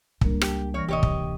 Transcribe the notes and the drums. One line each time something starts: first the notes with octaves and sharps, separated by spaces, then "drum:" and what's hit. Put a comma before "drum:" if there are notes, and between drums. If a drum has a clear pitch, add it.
C#2 G3 A#3 D4 A#4, drum: kick
G4, drum: rim click
E3 C#5 F6 A#6
D1 C3 G4 C#5 D#5
drum: kick